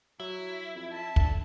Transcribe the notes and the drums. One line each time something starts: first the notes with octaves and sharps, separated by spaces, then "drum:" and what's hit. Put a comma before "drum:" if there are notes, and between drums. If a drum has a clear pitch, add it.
F#3 E4
F2
E5 A5
D3, drum: kick